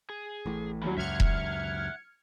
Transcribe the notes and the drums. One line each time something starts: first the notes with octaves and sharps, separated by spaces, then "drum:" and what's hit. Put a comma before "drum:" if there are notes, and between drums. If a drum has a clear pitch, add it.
G#4
A1 A2
D#2 F#3 G3 C#4 E4
C#2 F#2 E5 F#5 F6 G#6 C#7
drum: kick E1